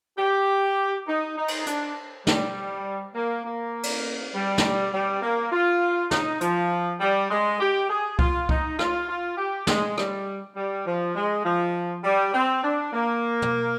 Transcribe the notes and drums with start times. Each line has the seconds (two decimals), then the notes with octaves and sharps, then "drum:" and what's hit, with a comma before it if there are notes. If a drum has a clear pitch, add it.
0.18 G4
1.08 D#4
1.38 D#4
1.48 drum: cymbal
1.66 D4, drum: hi-hat
2.27 G3, drum: snare
3.15 A#3
3.45 A#3
3.83 drum: cymbal
4.34 G3
4.58 drum: snare
4.94 G3
5.22 A#3
5.52 F4
6.11 D#4, drum: snare
6.41 F3, drum: hi-hat
7.00 G3
7.30 G#3
7.60 G4
7.90 G#4
8.19 F4, drum: kick C2
8.49 D#4, drum: kick C2
8.79 F4, drum: rim click
9.08 F4
9.37 G4
9.67 G#3, drum: snare
9.98 G3, drum: rim click
10.57 G3
10.86 F3
11.15 G#3
11.45 F3
12.04 G3
12.34 C4
12.64 D4
12.93 A#3
13.42 drum: tom